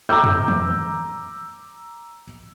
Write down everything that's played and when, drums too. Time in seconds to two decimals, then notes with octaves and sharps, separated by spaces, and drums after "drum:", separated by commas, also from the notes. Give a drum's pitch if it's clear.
0.09 A#5 D6 E6 G6
0.24 drum: tom F2
0.48 drum: tom D#3